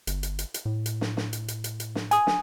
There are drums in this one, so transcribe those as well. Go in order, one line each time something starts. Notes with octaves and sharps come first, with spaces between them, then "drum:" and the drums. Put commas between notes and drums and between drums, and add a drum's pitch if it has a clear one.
G1, drum: hi-hat
drum: hi-hat
drum: hi-hat
drum: hi-hat
A2
drum: hi-hat
drum: snare
drum: snare
drum: hi-hat
drum: hi-hat
drum: hi-hat
drum: hi-hat
drum: snare
G#5 D#6, drum: hi-hat
drum: snare